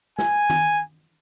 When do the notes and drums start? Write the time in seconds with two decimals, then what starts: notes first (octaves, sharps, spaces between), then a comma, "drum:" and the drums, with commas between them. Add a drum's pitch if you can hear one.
0.19 G#5, drum: snare
0.50 drum: tom D#3